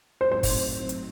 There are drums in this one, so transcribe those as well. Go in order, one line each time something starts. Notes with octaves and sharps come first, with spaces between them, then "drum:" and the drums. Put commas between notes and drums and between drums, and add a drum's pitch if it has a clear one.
A2 F#3 A3 C4 D#4 C5
C5
drum: kick, open hi-hat
drum: hi-hat